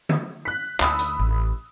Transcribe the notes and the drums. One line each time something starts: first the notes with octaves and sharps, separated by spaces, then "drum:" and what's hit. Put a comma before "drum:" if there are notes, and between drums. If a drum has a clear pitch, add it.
drum: tom
F#6 B6
D2 B5 D#6 E6, drum: clap
drum: hi-hat
A1